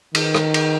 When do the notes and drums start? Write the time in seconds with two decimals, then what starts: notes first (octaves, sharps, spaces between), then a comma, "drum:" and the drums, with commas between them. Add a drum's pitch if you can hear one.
0.15 D#3, drum: cymbal
0.35 drum: rim click
0.54 drum: cymbal